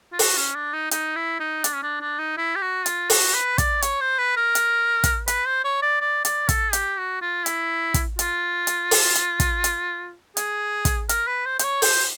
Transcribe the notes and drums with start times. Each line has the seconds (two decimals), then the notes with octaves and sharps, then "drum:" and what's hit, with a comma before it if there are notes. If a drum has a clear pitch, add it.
0.13 F4
0.19 F#4, drum: open hi-hat
0.37 C#4
0.55 D4
0.74 D#4
0.91 D#4, drum: hi-hat
1.16 E4
1.40 D#4
1.64 D4, drum: hi-hat
1.75 C#4
1.83 D4
2.01 D4
2.19 D#4
2.37 E4
2.56 G4
2.62 F#4
2.86 F4, drum: hi-hat
3.10 F#4, drum: open hi-hat
3.34 B4
3.58 D5, drum: kick, hi-hat
3.82 C#5, drum: hi-hat
4.01 C5
4.19 B4
4.37 A#4
4.55 drum: hi-hat
5.04 drum: kick, hi-hat
5.28 B4, drum: hi-hat
5.46 C5
5.64 C#5
5.82 D5
6.01 D5
6.25 D5, drum: hi-hat
6.49 A4, drum: kick, hi-hat
6.73 G4, drum: hi-hat
6.97 F#4
7.21 F4
7.46 E4, drum: hi-hat
7.94 drum: kick, hi-hat
8.19 F4, drum: hi-hat
8.67 drum: hi-hat
8.91 drum: open hi-hat
9.15 drum: hi-hat
9.40 drum: kick, hi-hat
9.64 drum: hi-hat
10.37 G#4, drum: hi-hat
10.85 drum: kick, hi-hat
11.09 A#4, drum: hi-hat
11.27 B4
11.46 C5
11.59 C5, drum: hi-hat
11.64 C#5
11.82 C5, drum: open hi-hat